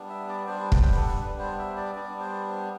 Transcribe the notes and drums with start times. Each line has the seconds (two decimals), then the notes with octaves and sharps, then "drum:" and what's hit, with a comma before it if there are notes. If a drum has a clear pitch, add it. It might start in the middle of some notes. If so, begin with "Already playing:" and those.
Already playing: G3 B3 D4
0.09 E5
0.29 D5
0.47 G3 B3 D4 C5
0.72 B4, drum: kick
0.96 A4
1.21 G3 B3 D4 B4
1.39 C5
1.58 E5
1.77 D5
1.95 G3 B3 D4 D5
2.20 C5